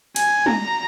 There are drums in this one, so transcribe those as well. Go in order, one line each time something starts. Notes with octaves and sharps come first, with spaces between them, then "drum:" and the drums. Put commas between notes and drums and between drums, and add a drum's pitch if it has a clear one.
G#5, drum: cymbal
A#5, drum: tom